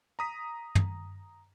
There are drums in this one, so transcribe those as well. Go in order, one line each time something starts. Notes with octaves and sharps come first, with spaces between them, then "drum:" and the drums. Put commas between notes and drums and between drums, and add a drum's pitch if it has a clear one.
A#5 D#6 B6
drum: tom